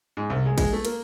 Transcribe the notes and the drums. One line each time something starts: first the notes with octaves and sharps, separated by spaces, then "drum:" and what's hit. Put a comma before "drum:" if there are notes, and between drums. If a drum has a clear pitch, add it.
G#2
C2
G#3
G#3, drum: kick, cymbal
A3
A#3, drum: cymbal